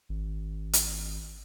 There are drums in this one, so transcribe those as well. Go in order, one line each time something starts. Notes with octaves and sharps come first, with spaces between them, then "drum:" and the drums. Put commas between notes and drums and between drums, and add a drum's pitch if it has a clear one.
G#1
drum: hi-hat